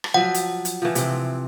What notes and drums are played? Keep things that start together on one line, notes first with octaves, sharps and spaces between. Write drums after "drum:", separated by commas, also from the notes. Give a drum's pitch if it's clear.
drum: rim click
F3 F#3 F#5
drum: hi-hat
drum: hi-hat
E3 F3
C3 C4, drum: hi-hat